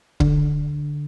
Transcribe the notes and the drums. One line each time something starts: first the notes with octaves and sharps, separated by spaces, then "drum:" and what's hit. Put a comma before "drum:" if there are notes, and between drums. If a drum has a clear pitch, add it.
D3, drum: kick